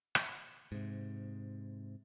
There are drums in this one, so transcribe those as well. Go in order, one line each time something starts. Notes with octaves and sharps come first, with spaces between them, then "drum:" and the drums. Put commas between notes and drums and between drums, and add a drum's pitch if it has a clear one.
drum: rim click
G#2 C3